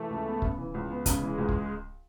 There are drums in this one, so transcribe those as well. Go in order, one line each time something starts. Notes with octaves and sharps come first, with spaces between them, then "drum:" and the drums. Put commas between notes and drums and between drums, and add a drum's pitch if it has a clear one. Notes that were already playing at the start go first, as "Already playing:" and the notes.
Already playing: E3 A3
C#2
B3
C#3, drum: kick
E3
C#2
B3
C#3 G#3, drum: kick, hi-hat
E3
C#2
drum: kick